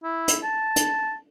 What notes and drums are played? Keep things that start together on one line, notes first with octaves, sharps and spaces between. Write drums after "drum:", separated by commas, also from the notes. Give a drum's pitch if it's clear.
E4
drum: hi-hat
A5
drum: hi-hat